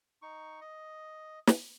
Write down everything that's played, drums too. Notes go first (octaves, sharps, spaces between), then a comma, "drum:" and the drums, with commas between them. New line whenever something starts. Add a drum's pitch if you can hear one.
D#4 C#6
D#5
drum: snare